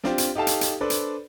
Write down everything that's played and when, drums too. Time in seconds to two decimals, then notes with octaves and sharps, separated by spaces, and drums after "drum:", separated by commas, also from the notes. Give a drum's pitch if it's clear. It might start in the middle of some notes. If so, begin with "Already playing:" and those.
0.04 C4 D4 F4 G4 C5, drum: snare
0.18 drum: hi-hat
0.35 D#4 G4 A4 F5 A5
0.47 drum: hi-hat
0.61 drum: hi-hat
0.81 D4 A4 B4 C5 D5
0.90 drum: hi-hat